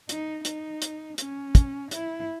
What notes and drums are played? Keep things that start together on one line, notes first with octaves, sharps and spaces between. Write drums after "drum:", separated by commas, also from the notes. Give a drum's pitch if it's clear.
D#4, drum: hi-hat
D#4, drum: hi-hat
drum: hi-hat
C#4, drum: hi-hat
drum: kick, hi-hat
E4, drum: hi-hat